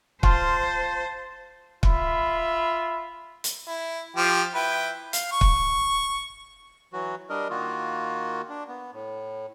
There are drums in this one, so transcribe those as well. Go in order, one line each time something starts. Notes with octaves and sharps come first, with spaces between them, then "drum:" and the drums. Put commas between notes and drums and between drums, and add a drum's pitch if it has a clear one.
F4 C5 A5, drum: kick
F4 E5 B5, drum: kick
drum: hi-hat
E4
F3 G4
E4 B4 G5
F5, drum: hi-hat
C#6
drum: kick
E3 F#3 F#4
G3 D4 A#4 D#5
D#3 A#3 F4 F#4
D4
B3
A2